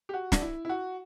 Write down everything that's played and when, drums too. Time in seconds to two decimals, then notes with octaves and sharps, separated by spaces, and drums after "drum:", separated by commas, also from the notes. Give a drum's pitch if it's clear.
0.09 G4
0.14 F#4
0.32 D4, drum: snare
0.41 E4
0.65 E4
0.69 F#4